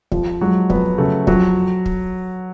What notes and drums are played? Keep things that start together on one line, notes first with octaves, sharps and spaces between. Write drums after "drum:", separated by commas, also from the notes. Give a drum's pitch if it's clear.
F2 F3, drum: kick
F#3 G#3
F2 B3, drum: kick
C#3 A3
F2 F#3, drum: kick
drum: kick